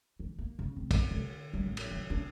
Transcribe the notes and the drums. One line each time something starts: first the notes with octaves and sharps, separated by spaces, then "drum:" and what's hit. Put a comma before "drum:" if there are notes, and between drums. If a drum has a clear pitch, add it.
E3
A#3
C#3
C4
drum: kick, cymbal
D3
G3
A1
drum: cymbal
F3
D4